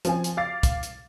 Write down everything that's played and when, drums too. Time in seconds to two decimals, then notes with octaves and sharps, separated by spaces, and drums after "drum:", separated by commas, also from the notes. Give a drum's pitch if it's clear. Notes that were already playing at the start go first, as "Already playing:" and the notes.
0.05 F3 C4 G#5, drum: hi-hat
0.24 drum: hi-hat
0.37 F5 D6 A6 C7
0.63 drum: kick, hi-hat
0.83 drum: hi-hat